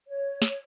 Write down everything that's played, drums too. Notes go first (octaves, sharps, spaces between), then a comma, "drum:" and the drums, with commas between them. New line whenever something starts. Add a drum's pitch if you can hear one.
C#5
drum: snare